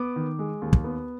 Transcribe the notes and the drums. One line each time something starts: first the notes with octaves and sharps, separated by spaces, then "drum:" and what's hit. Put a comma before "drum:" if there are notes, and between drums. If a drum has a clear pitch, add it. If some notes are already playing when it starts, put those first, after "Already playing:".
Already playing: B3 D6
D#3
G#3
D#2
drum: kick
B3